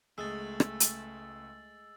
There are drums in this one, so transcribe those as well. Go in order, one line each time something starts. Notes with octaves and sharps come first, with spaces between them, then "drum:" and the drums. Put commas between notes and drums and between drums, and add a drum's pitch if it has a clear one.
C#2 G#3 A3 G#4 D#6 E6 A6
drum: rim click
drum: hi-hat